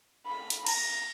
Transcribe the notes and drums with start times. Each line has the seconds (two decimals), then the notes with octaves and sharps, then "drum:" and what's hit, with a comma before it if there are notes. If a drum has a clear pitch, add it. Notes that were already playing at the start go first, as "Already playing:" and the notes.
0.26 B5
0.50 drum: hi-hat
0.66 A#5, drum: cymbal